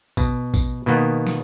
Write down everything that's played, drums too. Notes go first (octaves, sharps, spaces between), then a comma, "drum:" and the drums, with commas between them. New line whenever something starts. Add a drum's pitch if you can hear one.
B2, drum: kick, tambourine
drum: kick, tambourine
B2 D#3 A#3 B3
drum: snare